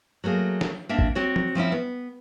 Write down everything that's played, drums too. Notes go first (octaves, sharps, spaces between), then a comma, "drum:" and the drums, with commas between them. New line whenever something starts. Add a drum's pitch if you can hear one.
F#3 A3 A#3 G#4
drum: snare
A#3 C4 D4 E5
drum: kick A1
C4 F#4 C#5
drum: tom
F3 C4 C#4 E4
B3